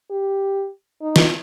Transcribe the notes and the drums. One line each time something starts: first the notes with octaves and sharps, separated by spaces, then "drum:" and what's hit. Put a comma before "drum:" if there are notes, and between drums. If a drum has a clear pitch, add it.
G4
D#4
drum: snare